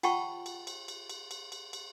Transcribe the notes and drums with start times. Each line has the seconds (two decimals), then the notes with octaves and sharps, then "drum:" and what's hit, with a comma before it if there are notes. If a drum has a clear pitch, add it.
0.03 F4 F#5 G5 A5 B5 C#6, drum: cymbal
0.46 drum: cymbal
0.67 drum: cymbal
0.88 drum: cymbal
1.10 drum: cymbal
1.31 drum: cymbal
1.52 drum: cymbal
1.73 drum: cymbal